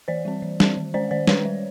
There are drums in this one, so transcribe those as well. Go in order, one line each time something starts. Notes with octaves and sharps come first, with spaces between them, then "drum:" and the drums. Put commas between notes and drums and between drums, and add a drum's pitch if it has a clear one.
E3 C5 D5
G3 C4
E3
G3 C4, drum: snare
D#3
G#3 C#4 C5 D5
D#3 C5 D5
G#3 C#4 B4 C#5, drum: snare
G3